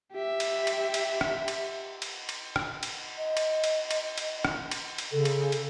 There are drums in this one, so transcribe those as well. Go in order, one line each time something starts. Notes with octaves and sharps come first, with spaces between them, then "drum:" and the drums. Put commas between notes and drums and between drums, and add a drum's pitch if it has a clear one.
G4 E5
drum: cymbal
drum: cymbal
drum: cymbal
drum: rim click
drum: cymbal
drum: cymbal
drum: cymbal
drum: rim click
drum: cymbal
D#5
drum: cymbal
drum: cymbal
drum: cymbal
drum: cymbal
drum: rim click
drum: cymbal
drum: cymbal
C#3 A4
drum: cymbal
drum: cymbal